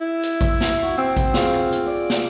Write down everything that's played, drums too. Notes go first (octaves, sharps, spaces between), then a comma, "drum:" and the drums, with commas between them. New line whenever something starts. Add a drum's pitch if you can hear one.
E4
drum: hi-hat
E5, drum: kick A1, hi-hat
drum: snare
F#4
C4
drum: kick A1, hi-hat
F4 G#4 F5, drum: snare
drum: tom E2
drum: hi-hat
D5
drum: snare